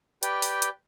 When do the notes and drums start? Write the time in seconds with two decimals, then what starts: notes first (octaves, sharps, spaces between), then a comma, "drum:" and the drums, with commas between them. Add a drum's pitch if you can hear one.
0.23 G4 B4 D5 G5, drum: hi-hat
0.42 drum: open hi-hat
0.62 drum: hi-hat